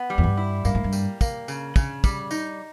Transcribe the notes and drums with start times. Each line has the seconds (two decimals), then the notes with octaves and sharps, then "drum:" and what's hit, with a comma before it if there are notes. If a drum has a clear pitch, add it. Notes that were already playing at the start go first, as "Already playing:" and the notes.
Already playing: B3
0.10 G3
0.18 E2
0.24 G2
0.37 E4
0.65 G2 A#3, drum: tambourine
0.75 G#2
0.84 G2
0.93 G3, drum: tambourine
1.21 A#3, drum: kick, tambourine
1.48 C#3, drum: tambourine
1.76 C#3, drum: kick, tambourine
2.04 G3, drum: kick, tambourine
2.31 D#4, drum: tambourine